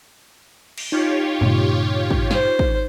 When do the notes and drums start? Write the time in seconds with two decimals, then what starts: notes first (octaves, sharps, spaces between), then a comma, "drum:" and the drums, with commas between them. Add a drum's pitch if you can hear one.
0.78 drum: cymbal
0.92 D#4 F4 G4 C#5
1.41 G2 A#2 C#3, drum: tom G3
2.11 drum: kick
2.31 C5, drum: snare
2.59 drum: kick